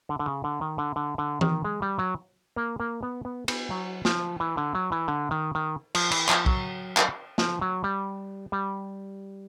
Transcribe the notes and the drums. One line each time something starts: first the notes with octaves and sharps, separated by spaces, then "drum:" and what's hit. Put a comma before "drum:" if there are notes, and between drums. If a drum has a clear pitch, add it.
D3
D3
C#3
D3
D#3
D3
D3
D3
D#3, drum: tom E3
G#3
G3
F#3
A#3
A#3
B3
B3
B3, drum: cymbal
F#3
F3, drum: snare
E3
D3
F#3
E3
D3
D#3
D#3
F3, drum: cymbal
E3, drum: cymbal
F3, drum: clap
F#3, drum: kick
drum: clap
F3, drum: snare
F#3
G3
G3